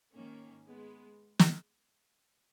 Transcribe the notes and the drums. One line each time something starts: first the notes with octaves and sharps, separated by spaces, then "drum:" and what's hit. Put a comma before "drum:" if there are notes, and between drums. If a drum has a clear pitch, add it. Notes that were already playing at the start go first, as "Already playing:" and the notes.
G#2 D#3 A#3 C#4
G#3 B3
drum: snare